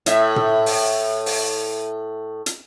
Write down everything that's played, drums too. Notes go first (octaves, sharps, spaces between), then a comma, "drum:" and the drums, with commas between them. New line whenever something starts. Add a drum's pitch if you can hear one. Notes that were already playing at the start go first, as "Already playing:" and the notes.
A2 E5, drum: hi-hat
drum: tom
drum: open hi-hat
drum: open hi-hat
drum: hi-hat